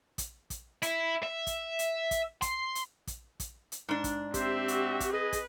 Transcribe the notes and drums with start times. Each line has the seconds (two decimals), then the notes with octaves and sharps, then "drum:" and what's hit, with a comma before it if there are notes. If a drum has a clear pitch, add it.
0.18 drum: kick, hi-hat
0.50 drum: kick, hi-hat
0.82 E4, drum: hi-hat
1.23 E5
1.47 drum: kick, hi-hat
1.79 drum: hi-hat
2.11 drum: kick, hi-hat
2.42 C6, drum: kick, hi-hat
2.75 drum: hi-hat
3.07 drum: kick, hi-hat
3.40 drum: kick, hi-hat
3.72 drum: hi-hat
3.89 G#2 D4
4.04 drum: kick, hi-hat
4.34 C4 G4 C5 E5, drum: kick, hi-hat
4.68 F#4, drum: hi-hat
5.00 drum: kick, hi-hat
5.13 G#4 B4 D#5
5.33 drum: kick, hi-hat